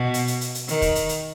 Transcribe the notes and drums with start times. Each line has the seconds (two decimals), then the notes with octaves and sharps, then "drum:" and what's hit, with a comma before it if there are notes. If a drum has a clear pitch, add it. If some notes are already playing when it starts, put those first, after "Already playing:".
Already playing: B2
0.14 drum: hi-hat
0.27 drum: hi-hat
0.41 drum: hi-hat
0.55 drum: hi-hat
0.68 D#3, drum: hi-hat
0.82 drum: kick, hi-hat
0.95 drum: hi-hat
1.09 drum: hi-hat